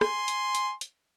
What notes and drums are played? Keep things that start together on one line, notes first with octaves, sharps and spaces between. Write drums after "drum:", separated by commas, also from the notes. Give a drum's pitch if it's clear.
G#5 C6, drum: rim click
drum: hi-hat
drum: hi-hat
drum: hi-hat